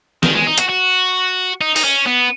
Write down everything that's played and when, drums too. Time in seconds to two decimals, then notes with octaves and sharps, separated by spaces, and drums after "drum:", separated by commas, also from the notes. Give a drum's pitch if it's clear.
0.23 D#3, drum: snare
0.35 G#3
0.47 D#4
0.58 F#4, drum: hi-hat
0.69 F#4
1.61 D#4
1.76 D#4, drum: open hi-hat
1.84 C#4
2.06 B3